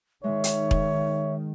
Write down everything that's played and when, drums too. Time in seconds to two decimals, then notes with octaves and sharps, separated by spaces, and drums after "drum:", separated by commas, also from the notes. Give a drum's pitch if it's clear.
0.24 D#3 G#3 C#5 E5
0.44 drum: hi-hat
0.71 drum: kick E1